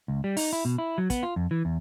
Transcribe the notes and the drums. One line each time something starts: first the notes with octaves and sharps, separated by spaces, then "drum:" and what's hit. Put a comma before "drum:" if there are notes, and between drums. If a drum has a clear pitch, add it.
C#2
G3
D#4, drum: open hi-hat
E4
B2
E4
F#3
B3, drum: kick, hi-hat
F4
F2
E3
E2